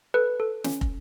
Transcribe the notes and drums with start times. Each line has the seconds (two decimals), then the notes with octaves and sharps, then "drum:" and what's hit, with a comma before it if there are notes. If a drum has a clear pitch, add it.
0.14 A4 B4
0.40 A4
0.64 C#4, drum: snare
0.81 drum: kick